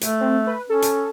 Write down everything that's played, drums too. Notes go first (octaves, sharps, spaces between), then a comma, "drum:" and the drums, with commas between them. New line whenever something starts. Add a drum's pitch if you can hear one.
A3, drum: hi-hat
C4
B4
C#4 A4
drum: hi-hat